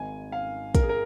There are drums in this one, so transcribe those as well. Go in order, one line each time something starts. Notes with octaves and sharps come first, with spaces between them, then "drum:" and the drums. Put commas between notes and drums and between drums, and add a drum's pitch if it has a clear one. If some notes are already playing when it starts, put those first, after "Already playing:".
Already playing: G#1 G#2 D#3 G#5
F5
A#4, drum: kick, hi-hat
G#4
A#4